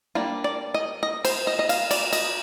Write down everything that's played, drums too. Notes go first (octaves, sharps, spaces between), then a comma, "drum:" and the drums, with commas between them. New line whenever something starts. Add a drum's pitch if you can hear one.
G3 A#3 D4 F4
D5
D#5
D#5
C5, drum: cymbal
D#5
D#5
F5, drum: cymbal
D5, drum: cymbal
D#5, drum: cymbal